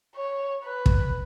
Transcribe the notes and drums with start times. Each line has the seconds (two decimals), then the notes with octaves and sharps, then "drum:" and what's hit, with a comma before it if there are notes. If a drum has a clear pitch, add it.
0.16 C#5
0.64 B4
0.86 drum: kick